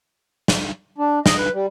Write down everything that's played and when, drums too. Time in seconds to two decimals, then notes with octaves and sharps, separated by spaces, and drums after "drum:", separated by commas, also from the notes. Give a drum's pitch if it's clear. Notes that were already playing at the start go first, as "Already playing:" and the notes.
0.48 drum: snare
0.98 D4
1.26 D#5, drum: snare
1.37 B4
1.53 G3